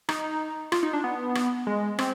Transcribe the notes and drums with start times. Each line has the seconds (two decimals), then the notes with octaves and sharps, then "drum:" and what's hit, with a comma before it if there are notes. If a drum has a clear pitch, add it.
0.09 D#4, drum: rim click
0.72 F4, drum: rim click
0.83 D#4
0.93 D4
1.04 B3
1.35 drum: rim click
1.67 G#3
1.99 C4, drum: rim click